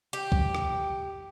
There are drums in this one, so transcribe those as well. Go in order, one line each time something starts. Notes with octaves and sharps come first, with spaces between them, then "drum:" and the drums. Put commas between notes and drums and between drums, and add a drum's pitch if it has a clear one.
G4, drum: hi-hat
drum: kick
drum: rim click